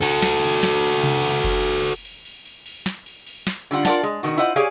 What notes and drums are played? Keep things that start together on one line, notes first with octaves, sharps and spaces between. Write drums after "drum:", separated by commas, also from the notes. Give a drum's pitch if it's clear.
F#4 A4, drum: cymbal
drum: snare
drum: cymbal
drum: snare
drum: cymbal
drum: tom C3
drum: cymbal
drum: kick F#1, cymbal
drum: cymbal
drum: cymbal
drum: cymbal
drum: cymbal
drum: cymbal
drum: cymbal
drum: snare
drum: cymbal
drum: cymbal
drum: snare
D3 G3 F4 F#5
F4 A#4 D5 F#5 A5, drum: snare
G#3
B2 D#3 F#4
E4 F4 C5 D#5 F#5
G4 G#4 C#5 D5 F5 G#5